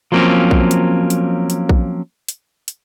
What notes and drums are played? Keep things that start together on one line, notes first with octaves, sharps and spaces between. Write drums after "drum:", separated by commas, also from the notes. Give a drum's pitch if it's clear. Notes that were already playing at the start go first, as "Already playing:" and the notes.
F3 F#3 A#3 C4 C#4
drum: kick A#1
drum: hi-hat
drum: hi-hat
drum: hi-hat
drum: kick A#1
drum: hi-hat
drum: hi-hat